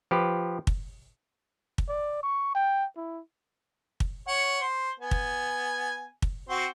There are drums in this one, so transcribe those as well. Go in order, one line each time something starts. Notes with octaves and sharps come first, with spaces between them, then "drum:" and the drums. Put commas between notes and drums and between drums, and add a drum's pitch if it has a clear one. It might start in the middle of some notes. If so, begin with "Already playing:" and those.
F3 G4 B4
drum: kick
drum: kick
D5
C#6
G5
E4
drum: kick
C#5 F#5
C5
B3 G#5
drum: kick
drum: kick
C4 F#4 C5